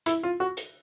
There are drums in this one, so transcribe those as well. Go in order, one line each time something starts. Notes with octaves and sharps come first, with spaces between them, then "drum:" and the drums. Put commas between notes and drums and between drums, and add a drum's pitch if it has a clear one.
E4, drum: hi-hat
F4
F#4
drum: hi-hat